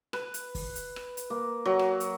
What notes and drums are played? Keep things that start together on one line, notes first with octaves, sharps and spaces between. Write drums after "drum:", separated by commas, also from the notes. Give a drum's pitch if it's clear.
B4, drum: rim click
drum: hi-hat
drum: kick, open hi-hat
drum: hi-hat
drum: rim click
drum: hi-hat
A#3
F#3
drum: rim click
drum: hi-hat